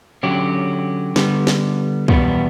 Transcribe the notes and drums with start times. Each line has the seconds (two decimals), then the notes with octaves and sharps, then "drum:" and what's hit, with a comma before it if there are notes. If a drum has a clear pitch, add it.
0.23 D3 F#3 C#4 G4
1.16 D3 G3 B3, drum: snare
1.47 drum: snare
2.08 E2 B2 G3 B3, drum: kick